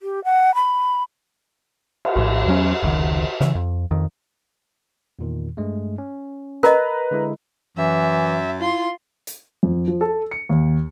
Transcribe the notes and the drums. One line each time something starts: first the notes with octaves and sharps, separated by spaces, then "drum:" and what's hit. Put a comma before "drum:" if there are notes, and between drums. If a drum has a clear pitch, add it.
G4
F#5
B5
drum: cymbal
A#1 A2
E2 F#3 C#4
F1 C#2 C3 D#3
C#3 E3, drum: snare
F2
F2 D#3
E2 A#2 D#3
G2 G#3 A3
C#4
A#4 B4 D#5 A#5, drum: snare
D3 G#3 E4
F#2 E3 E5
E4 F4 C6
drum: hi-hat
F2
F3
A4
C#7
D#2